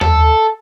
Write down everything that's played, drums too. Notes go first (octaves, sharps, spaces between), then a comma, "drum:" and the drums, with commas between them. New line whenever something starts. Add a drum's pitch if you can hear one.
A4, drum: tom D#2